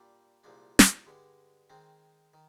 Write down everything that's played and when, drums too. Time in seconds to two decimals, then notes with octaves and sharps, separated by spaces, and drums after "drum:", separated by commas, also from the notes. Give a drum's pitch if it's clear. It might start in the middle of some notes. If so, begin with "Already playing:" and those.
Already playing: A#2 G3 D4
0.44 C2 A#2 F3 G#3 D4
0.79 drum: snare
1.06 G2 D3 G#3
1.70 D#3 G#3 C4
2.34 D#3